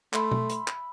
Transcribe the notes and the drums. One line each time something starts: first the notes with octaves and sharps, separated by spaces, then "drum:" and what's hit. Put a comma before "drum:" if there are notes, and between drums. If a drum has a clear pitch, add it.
A3 E5 B5 C6, drum: clap
drum: tom B2
drum: hi-hat
drum: clap